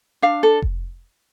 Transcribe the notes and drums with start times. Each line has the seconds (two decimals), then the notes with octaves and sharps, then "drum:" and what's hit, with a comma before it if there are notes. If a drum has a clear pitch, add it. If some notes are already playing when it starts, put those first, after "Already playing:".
0.22 D4 F5
0.43 A4
0.62 drum: kick F1